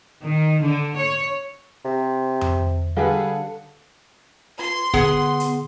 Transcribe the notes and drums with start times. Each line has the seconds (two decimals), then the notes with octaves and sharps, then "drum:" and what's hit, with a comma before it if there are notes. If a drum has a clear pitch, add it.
0.24 D#3
0.61 D3
0.97 C#5
1.85 C3
2.41 drum: tom F2
2.97 D3 G3 G#4 A4 B4 F5 F#5
4.59 F4 B4 C6 G#6
4.94 B2 D3 B3 G#4 F#5, drum: kick
5.40 drum: hi-hat